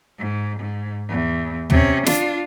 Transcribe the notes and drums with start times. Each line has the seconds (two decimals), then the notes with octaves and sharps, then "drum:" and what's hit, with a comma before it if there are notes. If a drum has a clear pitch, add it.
0.19 G#2
0.60 G#2
1.09 E2
1.70 C3 C#4, drum: tom
2.06 D4 F4, drum: snare